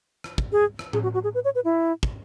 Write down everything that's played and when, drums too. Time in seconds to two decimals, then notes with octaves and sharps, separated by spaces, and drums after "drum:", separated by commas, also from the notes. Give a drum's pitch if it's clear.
0.24 drum: rim click
0.38 drum: kick
0.52 G#4
0.79 drum: rim click
0.93 G#4, drum: tom A2
1.03 F#4
1.14 F#4
1.24 G#4
1.34 B4
1.45 C#5
1.55 B4
1.65 E4
2.03 drum: kick